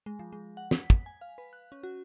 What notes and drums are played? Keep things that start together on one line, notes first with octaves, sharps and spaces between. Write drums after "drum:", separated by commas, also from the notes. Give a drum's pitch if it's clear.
G#3
F3
G#3
F#5
B6, drum: snare
drum: kick
G#5
F5
B4
F#6
C#4
F#4